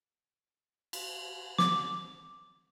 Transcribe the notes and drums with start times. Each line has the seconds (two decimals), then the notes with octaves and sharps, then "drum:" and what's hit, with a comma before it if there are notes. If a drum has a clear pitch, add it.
0.93 drum: cymbal
1.58 D6, drum: snare